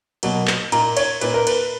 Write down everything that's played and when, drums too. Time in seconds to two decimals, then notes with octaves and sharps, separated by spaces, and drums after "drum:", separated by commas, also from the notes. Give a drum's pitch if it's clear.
0.23 B2 F#3 A#3, drum: cymbal
0.47 drum: clap
0.72 A#2 A#3 D#4 A#5, drum: cymbal
0.97 C#5, drum: cymbal
1.21 A#2 A#3 D#4 B4, drum: cymbal
1.34 A#4
1.47 B4, drum: cymbal